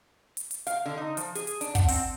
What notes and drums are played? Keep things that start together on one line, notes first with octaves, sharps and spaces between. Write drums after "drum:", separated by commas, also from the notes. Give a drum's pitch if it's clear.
drum: hi-hat
drum: hi-hat
F5, drum: hi-hat
D3
D#4
F3, drum: hi-hat
G#4, drum: hi-hat
drum: hi-hat
D4, drum: hi-hat
F#5, drum: kick, hi-hat
C4, drum: open hi-hat